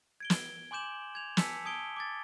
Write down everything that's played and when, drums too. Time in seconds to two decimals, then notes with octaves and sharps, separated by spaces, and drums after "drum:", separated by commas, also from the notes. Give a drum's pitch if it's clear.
0.20 G#6 D7 G7
0.30 drum: snare
0.71 G#5 C6 D6 G6 E7 F#7
1.15 G#6 F7
1.37 G#5 A5 E6 B6 C#7, drum: snare
1.65 A5 D#6 G#6 D7 G7
1.96 D6 G#6 A6